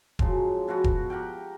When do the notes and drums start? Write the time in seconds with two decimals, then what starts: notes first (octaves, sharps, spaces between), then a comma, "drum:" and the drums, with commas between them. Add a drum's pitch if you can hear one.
0.19 C#3 F3 F#3 G#3, drum: kick E1
0.68 B2 F3 B3 F#4
0.84 drum: kick E1
1.10 G4 A#4 F#5 G5